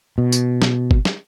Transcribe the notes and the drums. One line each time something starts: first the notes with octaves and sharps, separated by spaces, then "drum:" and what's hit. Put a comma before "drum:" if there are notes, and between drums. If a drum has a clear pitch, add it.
B2
drum: tambourine
drum: snare
drum: kick
drum: snare